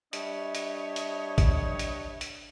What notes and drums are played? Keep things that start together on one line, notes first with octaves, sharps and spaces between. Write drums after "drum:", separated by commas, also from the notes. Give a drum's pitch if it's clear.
G3 D4 C#5 D#5 E5, drum: hi-hat
drum: hi-hat
drum: hi-hat
drum: kick A1, hi-hat
drum: hi-hat
drum: hi-hat